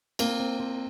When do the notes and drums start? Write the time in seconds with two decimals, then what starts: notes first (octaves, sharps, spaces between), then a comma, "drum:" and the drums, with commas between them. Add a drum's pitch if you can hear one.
0.19 A#3 C4, drum: cymbal
0.40 C4
0.60 C4